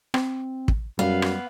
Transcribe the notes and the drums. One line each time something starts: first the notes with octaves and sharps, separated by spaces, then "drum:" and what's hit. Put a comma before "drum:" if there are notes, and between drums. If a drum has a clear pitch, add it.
C4, drum: rim click
drum: kick
F#2 G3 B3 F5
drum: rim click